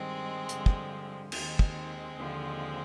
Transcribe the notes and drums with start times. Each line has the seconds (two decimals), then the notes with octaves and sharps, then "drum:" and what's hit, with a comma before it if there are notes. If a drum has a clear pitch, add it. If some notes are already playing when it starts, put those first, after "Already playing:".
Already playing: G2 D#3 G#3 C4
0.49 G2 D3 F3, drum: hi-hat
0.66 drum: kick
1.32 D#2 D#3 G#3 C4, drum: cymbal
1.59 drum: kick
2.16 D#2 D3 F3